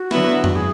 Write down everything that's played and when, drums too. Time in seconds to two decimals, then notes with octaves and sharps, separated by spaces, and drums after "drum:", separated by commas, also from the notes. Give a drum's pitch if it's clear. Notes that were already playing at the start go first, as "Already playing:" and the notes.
Already playing: F#4
0.11 D3 F#3 B3 E4 B4, drum: snare
0.44 drum: tom F2
0.55 G#4